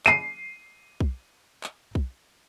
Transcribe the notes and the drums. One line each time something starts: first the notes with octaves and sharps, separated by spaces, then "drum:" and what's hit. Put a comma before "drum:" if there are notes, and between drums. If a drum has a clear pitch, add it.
C7 D#7, drum: clap
drum: kick B1
drum: clap
drum: kick B1